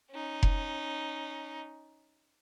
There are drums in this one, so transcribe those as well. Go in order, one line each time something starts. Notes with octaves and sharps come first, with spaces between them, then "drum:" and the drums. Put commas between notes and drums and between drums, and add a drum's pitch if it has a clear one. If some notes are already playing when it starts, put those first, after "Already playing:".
C#4 D#4
drum: kick F1